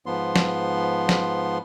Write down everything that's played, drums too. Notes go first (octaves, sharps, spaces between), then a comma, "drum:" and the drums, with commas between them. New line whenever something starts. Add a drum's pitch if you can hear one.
G#2 F3 B3 C6
drum: snare
drum: snare